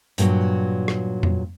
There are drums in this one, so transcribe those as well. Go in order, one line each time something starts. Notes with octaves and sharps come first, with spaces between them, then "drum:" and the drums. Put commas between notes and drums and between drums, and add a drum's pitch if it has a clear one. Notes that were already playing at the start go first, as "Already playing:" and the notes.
G2 A#2 E3 F#3, drum: hi-hat
drum: rim click
drum: tom F2